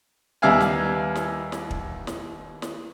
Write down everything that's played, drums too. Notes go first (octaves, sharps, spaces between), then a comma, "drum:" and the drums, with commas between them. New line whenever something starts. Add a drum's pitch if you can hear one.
D#2 G3 B3 E5 F5 G#5
drum: snare
drum: snare
drum: snare
drum: kick
drum: snare
drum: snare